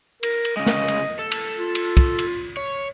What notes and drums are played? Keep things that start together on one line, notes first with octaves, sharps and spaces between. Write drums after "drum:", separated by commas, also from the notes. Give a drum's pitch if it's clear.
A#4, drum: cymbal
drum: cymbal
C#3 G#3 D#5
drum: snare
drum: cymbal
A4
drum: cymbal
F4
drum: cymbal
drum: kick, cymbal
drum: cymbal
C#5